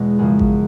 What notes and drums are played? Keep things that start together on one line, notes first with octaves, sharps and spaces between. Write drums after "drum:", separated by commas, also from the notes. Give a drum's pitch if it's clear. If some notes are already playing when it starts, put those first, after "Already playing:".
Already playing: E2 B2 G#3
F#2 C#3 F3 G#4
drum: kick A1